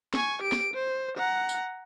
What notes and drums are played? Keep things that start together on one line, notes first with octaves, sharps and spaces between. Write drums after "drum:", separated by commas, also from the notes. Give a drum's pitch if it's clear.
G#5 C#6, drum: snare
G4 D7
drum: snare
C5
F#5 A#5
drum: tambourine